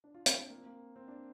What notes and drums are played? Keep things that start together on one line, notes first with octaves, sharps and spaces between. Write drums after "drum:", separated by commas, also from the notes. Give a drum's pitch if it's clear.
D4
F4
D4, drum: hi-hat
C4
A#3
C4
A#3
C4
D4